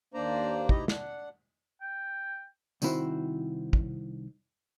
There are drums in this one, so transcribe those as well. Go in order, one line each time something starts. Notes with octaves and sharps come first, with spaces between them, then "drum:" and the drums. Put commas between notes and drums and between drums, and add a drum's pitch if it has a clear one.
D#2 A#3 D4 C5 D5 A#5
D2 D#4 E4 G4 D#5 A#5, drum: kick
D4 F#5, drum: snare
G5
C2 D#3 C4 E4 F#4 C5, drum: tambourine
drum: kick